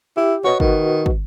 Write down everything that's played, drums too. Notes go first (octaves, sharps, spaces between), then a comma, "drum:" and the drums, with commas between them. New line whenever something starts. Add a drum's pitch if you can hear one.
E4 G4
F#4 B4 C#5 D#5
D#3, drum: kick
drum: kick